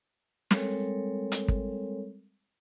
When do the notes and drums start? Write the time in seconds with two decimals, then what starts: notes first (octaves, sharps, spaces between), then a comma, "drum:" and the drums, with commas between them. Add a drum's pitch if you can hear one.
0.51 G3 G#3 C4 A4 A#4 C#5, drum: snare
1.32 drum: hi-hat
1.48 drum: kick